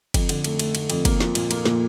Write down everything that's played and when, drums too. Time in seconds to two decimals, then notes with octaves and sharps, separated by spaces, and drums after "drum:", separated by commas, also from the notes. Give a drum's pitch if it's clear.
0.14 F2, drum: kick, cymbal
0.29 D3, drum: cymbal
0.44 A3, drum: cymbal
0.59 A3, drum: cymbal
0.75 A3, drum: cymbal
0.90 F2, drum: cymbal
1.05 A#3, drum: kick, cymbal
1.20 F3, drum: snare
1.35 A#2, drum: cymbal
1.51 A#3, drum: cymbal
1.65 A#2, drum: snare